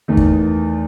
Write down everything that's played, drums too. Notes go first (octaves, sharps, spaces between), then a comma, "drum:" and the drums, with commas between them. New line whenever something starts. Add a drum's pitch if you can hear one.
E2 D#3 A3
drum: kick